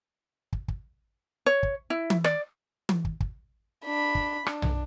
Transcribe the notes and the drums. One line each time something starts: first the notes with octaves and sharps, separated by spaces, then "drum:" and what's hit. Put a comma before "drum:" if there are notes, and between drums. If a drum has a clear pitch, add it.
drum: kick
drum: kick
C#5
drum: kick
E4
drum: tom
D5, drum: rim click
drum: tom
drum: kick
drum: kick
D4 B5
drum: kick
D4, drum: rim click
drum: tom B1